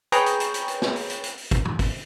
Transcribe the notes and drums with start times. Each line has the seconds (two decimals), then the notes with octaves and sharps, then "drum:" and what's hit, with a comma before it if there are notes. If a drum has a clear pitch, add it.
0.12 G#4 B4 C#5 G5 A#5, drum: hi-hat
0.26 drum: hi-hat
0.40 drum: hi-hat
0.54 drum: hi-hat
0.68 drum: hi-hat
0.82 drum: snare
0.96 drum: open hi-hat
1.10 drum: hi-hat
1.24 drum: hi-hat
1.37 drum: open hi-hat
1.51 drum: kick, hi-hat
1.65 drum: tom G2
1.79 drum: kick, open hi-hat